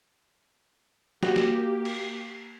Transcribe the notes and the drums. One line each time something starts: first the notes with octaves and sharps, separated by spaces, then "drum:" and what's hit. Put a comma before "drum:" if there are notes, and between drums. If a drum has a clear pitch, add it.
A#3 F#4 G4, drum: snare
drum: snare
drum: cymbal